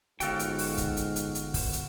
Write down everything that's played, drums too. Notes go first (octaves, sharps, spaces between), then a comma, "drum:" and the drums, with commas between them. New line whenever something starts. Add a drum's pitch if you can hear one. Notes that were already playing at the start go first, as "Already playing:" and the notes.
G1 G#2 F#4 A4 F5 G5, drum: hi-hat
drum: hi-hat
drum: open hi-hat
drum: kick, hi-hat
drum: hi-hat
drum: hi-hat
drum: hi-hat
drum: kick, open hi-hat
drum: hi-hat